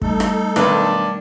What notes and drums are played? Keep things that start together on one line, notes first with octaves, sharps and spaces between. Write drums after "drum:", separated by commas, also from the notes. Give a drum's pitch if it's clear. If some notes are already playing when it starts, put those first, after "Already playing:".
G3 A3 D#4 A4, drum: kick
drum: rim click
B1 D#3 D4 B4, drum: rim click